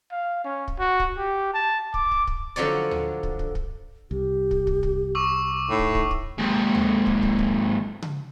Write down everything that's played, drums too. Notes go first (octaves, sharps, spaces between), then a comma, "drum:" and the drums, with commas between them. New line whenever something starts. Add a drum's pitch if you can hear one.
F5
C#4
drum: kick
F#4
drum: kick
G4
A5
D6, drum: kick
drum: kick
drum: kick
D3 F3 F#3 C#5 D5
drum: tom D2
drum: kick
drum: kick
drum: kick
C2 G4
drum: kick
drum: kick
drum: kick
C#6 D6 E6
A2 D#4
drum: kick
drum: kick
drum: kick
D#2 G#2
drum: tom D2
drum: kick
drum: kick
drum: kick
drum: tom C#3